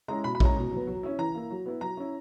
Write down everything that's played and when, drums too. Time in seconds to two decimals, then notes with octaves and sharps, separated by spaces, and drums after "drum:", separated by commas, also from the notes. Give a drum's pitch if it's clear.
0.08 G#3 C#4 E4 A#5
0.24 B2 B5
0.35 B5
0.40 G#3 C#4 E4 A#5, drum: kick A#1
0.56 B2
0.71 F#3 B3
0.87 F#3
1.03 C#4 E4
1.19 E3 A#5
1.34 A#3 E4
1.50 F#3
1.66 B3 E4
1.81 F#3 A#5
1.97 C#4 E4